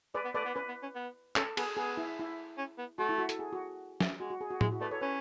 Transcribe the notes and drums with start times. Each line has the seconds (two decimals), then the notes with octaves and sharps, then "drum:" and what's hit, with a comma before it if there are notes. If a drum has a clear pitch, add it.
0.14 G#3 B4 D5
0.25 B3
0.35 A3 B4 D5
0.45 B3
0.55 C#4 B4
0.68 B3
0.82 C#4
0.95 B3
1.36 C#4 A4, drum: clap
1.57 B3 G#4, drum: cymbal
1.77 B3 G#4
1.97 E4
2.20 E4
2.58 C#4
2.78 B3
2.98 A3 F#4
3.09 E4
3.19 F#4
3.29 A4, drum: hi-hat
3.39 G#4
3.53 F#4
4.00 drum: snare
4.20 G#3 F#4
4.30 F#4
4.41 G#4
4.50 F#4
4.61 G#3 E4, drum: tom A2
4.71 F#4
4.81 A3 B4 D5
4.91 A4 C#5
5.01 C#4 B4